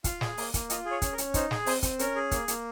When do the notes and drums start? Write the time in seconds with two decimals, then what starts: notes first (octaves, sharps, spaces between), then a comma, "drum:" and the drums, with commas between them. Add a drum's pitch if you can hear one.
0.04 F4 F5, drum: kick, hi-hat
0.21 G#4, drum: snare
0.38 A#3, drum: open hi-hat
0.54 A#3, drum: kick, hi-hat
0.70 F4 D#5, drum: hi-hat
0.85 G#4
0.91 C#5
1.02 C#4, drum: kick, hi-hat
1.13 A#4
1.18 C#4, drum: hi-hat
1.34 D#4 C5, drum: kick, hi-hat
1.51 G#4, drum: snare
1.66 C4 C5, drum: open hi-hat
1.83 C4, drum: kick, hi-hat
1.99 C#4 A#4, drum: hi-hat
2.16 G#4
2.31 A#3, drum: kick, hi-hat
2.48 A#3, drum: hi-hat